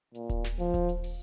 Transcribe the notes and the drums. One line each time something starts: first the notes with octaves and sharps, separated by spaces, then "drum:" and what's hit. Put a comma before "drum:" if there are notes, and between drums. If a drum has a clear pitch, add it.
A#2, drum: hi-hat
drum: kick D#1, hi-hat
drum: snare
F3, drum: hi-hat
drum: kick D#1, hi-hat
drum: hi-hat
drum: open hi-hat